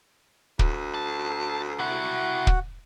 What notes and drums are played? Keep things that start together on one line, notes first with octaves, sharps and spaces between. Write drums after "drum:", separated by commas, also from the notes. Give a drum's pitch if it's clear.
D2, drum: kick
A5
C3 E4 F#4 F#5
drum: kick